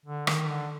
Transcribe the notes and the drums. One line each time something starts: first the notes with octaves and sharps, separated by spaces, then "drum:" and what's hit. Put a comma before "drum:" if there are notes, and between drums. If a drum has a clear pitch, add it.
D3
D#3, drum: rim click
D3